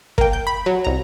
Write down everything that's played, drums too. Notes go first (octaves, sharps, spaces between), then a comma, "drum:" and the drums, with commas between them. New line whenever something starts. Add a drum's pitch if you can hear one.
A#3 G5, drum: kick
G6
B5
F#3
C2 A#5